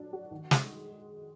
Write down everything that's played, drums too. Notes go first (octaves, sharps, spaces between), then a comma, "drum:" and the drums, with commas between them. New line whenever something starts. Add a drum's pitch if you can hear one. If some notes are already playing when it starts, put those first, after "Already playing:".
Already playing: F#3 D4
F#4
D#3
G#3, drum: snare